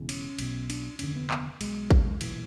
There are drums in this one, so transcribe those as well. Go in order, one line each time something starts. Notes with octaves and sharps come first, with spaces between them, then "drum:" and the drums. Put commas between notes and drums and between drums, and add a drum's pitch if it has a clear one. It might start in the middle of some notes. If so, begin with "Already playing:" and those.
Already playing: E1 E2 C#3
C#4, drum: cymbal
B1 B2, drum: cymbal
D4, drum: cymbal
F1 D#2 D3 C#4, drum: cymbal
B3
B3, drum: clap
B1 B2 G#3, drum: cymbal
drum: kick A1
B1 A#2 E3, drum: cymbal